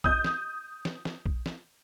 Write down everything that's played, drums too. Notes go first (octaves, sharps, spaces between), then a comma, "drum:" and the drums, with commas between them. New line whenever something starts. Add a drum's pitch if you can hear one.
D#6 G6, drum: kick A#1
drum: snare
drum: snare
drum: snare
drum: kick A#1
drum: snare